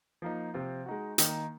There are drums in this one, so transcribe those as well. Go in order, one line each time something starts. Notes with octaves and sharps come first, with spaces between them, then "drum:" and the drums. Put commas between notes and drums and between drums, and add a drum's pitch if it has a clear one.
F3 A#3 D#4
C3 F3 C4 F4
G#3 D#4 F#4
D#3 A#3 D#4 A#4, drum: hi-hat